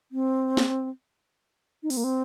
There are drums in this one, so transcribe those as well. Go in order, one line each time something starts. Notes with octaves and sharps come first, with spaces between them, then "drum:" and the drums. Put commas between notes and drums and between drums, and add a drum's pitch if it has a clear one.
C4
drum: snare
D#4
C4, drum: open hi-hat
A#3
C4